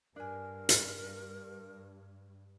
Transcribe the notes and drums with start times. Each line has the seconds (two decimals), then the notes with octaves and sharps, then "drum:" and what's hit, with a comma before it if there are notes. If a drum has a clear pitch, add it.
0.16 G2 D4 A#4 G#5
0.69 drum: hi-hat